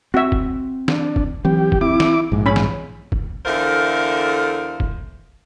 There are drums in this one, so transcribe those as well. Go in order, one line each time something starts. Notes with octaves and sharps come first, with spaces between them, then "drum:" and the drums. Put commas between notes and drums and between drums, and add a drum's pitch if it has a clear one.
C4 F#4 E5
drum: kick
D4, drum: snare
drum: kick
E3 F#3 C4 G4
drum: kick
C4 E4 D6
drum: snare
A#1 G#2
C#4 B5
drum: snare
drum: kick
E2 D3 A3 A#4 C5 F5
drum: kick